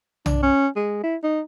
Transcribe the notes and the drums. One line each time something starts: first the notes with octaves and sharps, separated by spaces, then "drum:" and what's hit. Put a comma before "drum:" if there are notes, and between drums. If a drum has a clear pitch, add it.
D4, drum: tom B1
C#4
G#3
E4
D#4